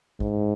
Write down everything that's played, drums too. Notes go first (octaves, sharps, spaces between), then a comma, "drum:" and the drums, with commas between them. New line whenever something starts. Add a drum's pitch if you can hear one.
G#2, drum: kick